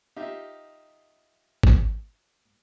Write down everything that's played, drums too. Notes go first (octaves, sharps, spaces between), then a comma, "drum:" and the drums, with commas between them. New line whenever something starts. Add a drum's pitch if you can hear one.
D#4 F4 G4 E5 F5
drum: kick G#1